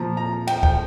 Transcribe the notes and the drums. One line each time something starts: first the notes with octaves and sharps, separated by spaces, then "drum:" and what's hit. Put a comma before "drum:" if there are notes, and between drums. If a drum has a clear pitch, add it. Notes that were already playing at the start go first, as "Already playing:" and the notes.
Already playing: A#2 F3 A#5
A#5
G5, drum: cymbal
G5, drum: kick